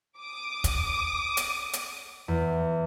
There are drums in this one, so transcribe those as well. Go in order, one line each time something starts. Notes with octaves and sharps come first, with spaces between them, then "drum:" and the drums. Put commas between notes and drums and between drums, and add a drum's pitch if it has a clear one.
D6 D#6
drum: kick, hi-hat
drum: hi-hat
drum: hi-hat
E2